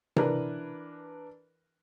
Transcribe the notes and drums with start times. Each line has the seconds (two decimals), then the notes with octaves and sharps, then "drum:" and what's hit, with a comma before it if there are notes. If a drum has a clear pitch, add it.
0.16 E3 D4 A#4 B4, drum: tom C3